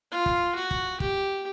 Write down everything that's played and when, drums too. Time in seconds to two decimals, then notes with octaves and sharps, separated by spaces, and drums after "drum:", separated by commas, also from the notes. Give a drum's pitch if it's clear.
0.11 F4
0.26 drum: kick
0.55 F#4
0.71 drum: kick
1.00 G4, drum: kick